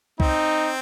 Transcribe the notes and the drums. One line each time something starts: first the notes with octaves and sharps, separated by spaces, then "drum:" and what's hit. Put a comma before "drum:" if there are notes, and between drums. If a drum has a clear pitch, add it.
C4 D#4, drum: kick